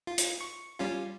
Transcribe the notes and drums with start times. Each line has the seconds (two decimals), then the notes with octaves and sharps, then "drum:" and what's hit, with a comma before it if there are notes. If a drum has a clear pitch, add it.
0.07 F4
0.18 drum: hi-hat
0.41 C#6
0.79 G3 C#4 F4